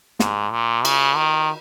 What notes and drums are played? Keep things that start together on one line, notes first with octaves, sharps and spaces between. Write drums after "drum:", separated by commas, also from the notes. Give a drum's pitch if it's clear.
G#2, drum: snare
A#2
C#3, drum: cymbal
D#3